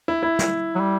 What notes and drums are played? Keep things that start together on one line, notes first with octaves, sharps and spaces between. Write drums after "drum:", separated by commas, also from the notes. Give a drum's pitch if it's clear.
E4
E4
drum: snare
F#3
G3